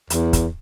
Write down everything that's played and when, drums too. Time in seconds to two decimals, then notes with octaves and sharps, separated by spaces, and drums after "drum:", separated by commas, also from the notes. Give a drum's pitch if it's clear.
0.10 E2, drum: hi-hat
0.33 drum: kick, hi-hat